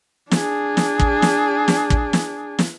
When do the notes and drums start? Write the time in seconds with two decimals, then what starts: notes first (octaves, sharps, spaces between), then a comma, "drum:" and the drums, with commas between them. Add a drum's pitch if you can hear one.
0.31 D4 G#4, drum: snare
0.77 drum: snare
1.00 drum: kick
1.22 drum: snare
1.68 drum: snare
1.90 drum: kick
2.13 drum: snare
2.59 drum: snare